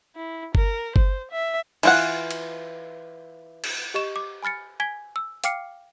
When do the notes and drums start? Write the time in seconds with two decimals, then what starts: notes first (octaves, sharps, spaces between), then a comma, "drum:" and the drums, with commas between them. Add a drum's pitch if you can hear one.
0.16 E4
0.55 A#4, drum: kick G1
0.96 C5, drum: kick G1
1.31 E5
1.83 E3 F4 F#5, drum: cymbal
2.31 drum: cymbal
3.64 drum: cymbal
3.94 G4 D#5 C#6 E7
4.16 D6
4.43 G#5 B5 F6 A6 C#7
4.80 G#5 G#6 B6 G7
5.16 E6
5.44 F5 G5 D6 F6 C7 C#7, drum: hi-hat